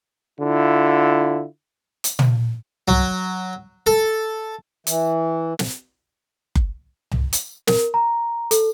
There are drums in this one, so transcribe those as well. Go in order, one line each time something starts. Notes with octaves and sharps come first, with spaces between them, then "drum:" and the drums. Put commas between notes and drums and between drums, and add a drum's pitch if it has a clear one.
D3 E4 F4
drum: hi-hat
drum: tom
F#3, drum: tom C2
A4
E3, drum: hi-hat
drum: snare
drum: kick F#1
drum: tom C2
drum: hi-hat
A#4, drum: snare
A#5
A4, drum: hi-hat